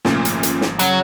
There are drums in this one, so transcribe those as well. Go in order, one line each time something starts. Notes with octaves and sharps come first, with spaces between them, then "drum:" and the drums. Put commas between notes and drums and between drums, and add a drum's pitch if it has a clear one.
G#1 A#2 C#3 F3 A3 A#3, drum: snare
drum: hi-hat
drum: hi-hat
drum: snare
F#2 C#3 F#3, drum: hi-hat